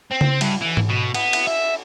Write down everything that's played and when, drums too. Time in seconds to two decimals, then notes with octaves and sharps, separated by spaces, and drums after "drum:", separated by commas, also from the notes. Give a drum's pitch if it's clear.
0.11 C4
0.21 drum: tom C#3
0.41 G2, drum: cymbal
0.62 E3
0.77 drum: tom G#2
0.89 B2
1.14 B3, drum: cymbal
1.33 drum: cymbal
1.47 E5